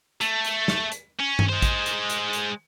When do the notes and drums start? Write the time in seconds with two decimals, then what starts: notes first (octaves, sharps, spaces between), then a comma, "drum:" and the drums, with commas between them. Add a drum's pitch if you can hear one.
0.21 A3, drum: hi-hat
0.45 drum: hi-hat
0.68 drum: snare
0.92 drum: hi-hat
1.19 C#4
1.39 drum: tom G2
1.49 G#3 C5
1.62 drum: kick A1, hi-hat
1.86 drum: hi-hat
2.10 drum: hi-hat
2.33 drum: hi-hat